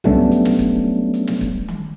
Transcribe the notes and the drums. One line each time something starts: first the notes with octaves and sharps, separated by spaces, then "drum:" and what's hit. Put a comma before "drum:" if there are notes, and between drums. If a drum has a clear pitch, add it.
F#3 G3 A3 B3 C#4 D4, drum: tom
drum: hi-hat
drum: snare
drum: kick, hi-hat
drum: hi-hat
drum: snare
drum: kick, hi-hat
drum: tom D#3